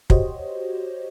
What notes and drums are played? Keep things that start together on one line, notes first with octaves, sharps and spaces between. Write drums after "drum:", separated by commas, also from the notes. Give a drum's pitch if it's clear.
F#4 G4 C5 C#5 D#5, drum: kick